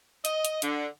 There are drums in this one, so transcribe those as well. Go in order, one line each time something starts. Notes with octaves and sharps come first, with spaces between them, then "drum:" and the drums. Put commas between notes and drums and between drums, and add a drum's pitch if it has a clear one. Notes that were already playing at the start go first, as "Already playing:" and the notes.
D#5, drum: hi-hat
drum: hi-hat
D3, drum: hi-hat